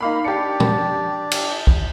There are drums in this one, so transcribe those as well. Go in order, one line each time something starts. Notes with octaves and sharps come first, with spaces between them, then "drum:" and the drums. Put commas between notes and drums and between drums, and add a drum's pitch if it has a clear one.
A#3 D#4 F5 B5
D4 G4 C#7
drum: tom
drum: cymbal
drum: kick